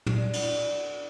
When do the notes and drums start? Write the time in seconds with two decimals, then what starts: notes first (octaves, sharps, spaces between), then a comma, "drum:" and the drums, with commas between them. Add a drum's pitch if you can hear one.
0.06 E2 G#3 D4, drum: tom
0.33 drum: cymbal